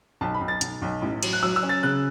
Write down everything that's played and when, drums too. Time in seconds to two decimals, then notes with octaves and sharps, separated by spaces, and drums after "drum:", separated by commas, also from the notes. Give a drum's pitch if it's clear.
0.21 B1 A5
0.34 B5
0.41 B1
0.48 A6
0.61 B1, drum: hi-hat
0.82 B1
1.02 A1
1.23 F#3, drum: cymbal
1.33 F#6
1.43 F#3 E6
1.56 E6
1.63 C#4
1.69 A6
1.83 C#3 F#6